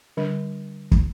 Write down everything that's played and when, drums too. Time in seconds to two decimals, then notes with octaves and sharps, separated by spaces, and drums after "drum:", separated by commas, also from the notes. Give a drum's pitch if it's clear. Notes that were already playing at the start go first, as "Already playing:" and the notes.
0.17 D3 G3 D4
0.91 drum: kick